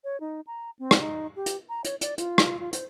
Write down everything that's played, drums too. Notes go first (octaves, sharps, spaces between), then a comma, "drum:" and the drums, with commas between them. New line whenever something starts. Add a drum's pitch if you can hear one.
C#5
D#4
A#5
C4
drum: rim click
D#4
G4
drum: hi-hat
A#5
C#5, drum: hi-hat
D5, drum: hi-hat
F4, drum: hi-hat
drum: rim click
F4
C5, drum: hi-hat